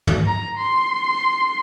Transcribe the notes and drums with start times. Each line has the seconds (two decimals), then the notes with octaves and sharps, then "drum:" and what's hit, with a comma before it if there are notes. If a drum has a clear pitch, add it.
0.07 drum: tom
0.26 A#5
0.58 C6